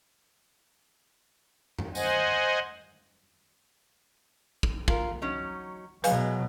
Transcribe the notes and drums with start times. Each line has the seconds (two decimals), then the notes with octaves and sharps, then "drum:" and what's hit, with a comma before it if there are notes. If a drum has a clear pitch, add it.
1.79 drum: tom F#2
1.95 C5 D#5 F#5 G#5, drum: tambourine
4.63 drum: kick
4.88 F4 A#4, drum: kick
5.22 F#3 C#4 D#4
6.04 F#2 B2 F#3 G#3 B4 F5 G#5, drum: hi-hat